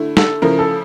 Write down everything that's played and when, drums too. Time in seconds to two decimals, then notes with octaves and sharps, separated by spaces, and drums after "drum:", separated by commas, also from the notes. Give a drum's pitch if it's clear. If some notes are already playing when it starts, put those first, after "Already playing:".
Already playing: D3 A3 E4
0.17 A4, drum: snare
0.42 C#3 F3 A3 E4 A#4
0.59 A4